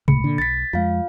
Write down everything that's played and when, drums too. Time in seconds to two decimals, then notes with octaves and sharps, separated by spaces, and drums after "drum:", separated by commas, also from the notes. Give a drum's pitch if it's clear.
0.08 D#1 C#2 A2 B5 C#7, drum: tom C3
0.24 A#2 D3
0.38 B1 A6 B6
0.73 F2 G#3 F4 F5